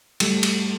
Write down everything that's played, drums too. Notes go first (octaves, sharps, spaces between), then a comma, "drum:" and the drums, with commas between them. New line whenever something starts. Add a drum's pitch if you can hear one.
G3 A3, drum: cymbal
drum: cymbal